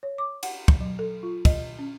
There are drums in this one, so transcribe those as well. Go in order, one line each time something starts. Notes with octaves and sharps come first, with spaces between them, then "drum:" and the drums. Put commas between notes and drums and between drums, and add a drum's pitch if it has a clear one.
C#5
D6
F#5, drum: cymbal
drum: kick
F#3
A4
F4
D#5, drum: kick, cymbal
C#4